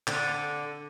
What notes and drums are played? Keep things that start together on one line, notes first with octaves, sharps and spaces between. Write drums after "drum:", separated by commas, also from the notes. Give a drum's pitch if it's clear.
D3, drum: clap